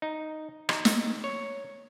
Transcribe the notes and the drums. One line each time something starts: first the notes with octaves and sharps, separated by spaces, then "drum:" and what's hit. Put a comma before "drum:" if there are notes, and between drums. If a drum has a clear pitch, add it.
D#4
D#4, drum: rim click
drum: snare
C#5